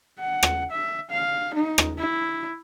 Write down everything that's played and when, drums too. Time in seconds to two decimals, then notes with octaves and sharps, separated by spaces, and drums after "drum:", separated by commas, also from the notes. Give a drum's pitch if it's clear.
0.19 F#5
0.43 drum: rim click
0.71 E5
1.10 F5
1.54 D#4
1.78 drum: rim click
1.98 E4